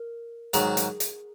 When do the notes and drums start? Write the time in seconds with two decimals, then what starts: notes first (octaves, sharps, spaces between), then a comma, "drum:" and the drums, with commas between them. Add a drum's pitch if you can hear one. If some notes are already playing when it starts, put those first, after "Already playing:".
Already playing: A#4
0.53 G#2 D#3 F#3 G#4, drum: hi-hat
0.77 drum: hi-hat
1.00 drum: hi-hat